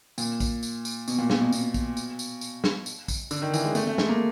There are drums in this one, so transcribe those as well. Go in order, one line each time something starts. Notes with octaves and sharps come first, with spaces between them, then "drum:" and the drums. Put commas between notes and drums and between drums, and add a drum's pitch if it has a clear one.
A#2, drum: tambourine
drum: kick, tambourine
drum: tambourine
drum: tambourine
B2, drum: tambourine
A#2
A#2, drum: snare
B2
B2, drum: tambourine
drum: kick, tambourine
drum: tambourine
drum: tambourine
drum: tambourine
drum: snare
drum: tambourine
drum: kick, tambourine
D3, drum: tambourine
D#3
E3, drum: tambourine
G#3
A3, drum: tambourine
A3
G#3, drum: snare
A#3